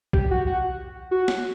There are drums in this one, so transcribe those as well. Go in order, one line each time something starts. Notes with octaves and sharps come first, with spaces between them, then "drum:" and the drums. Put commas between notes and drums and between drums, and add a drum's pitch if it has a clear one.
G4, drum: kick B1
F#4
F#4
F#4
drum: snare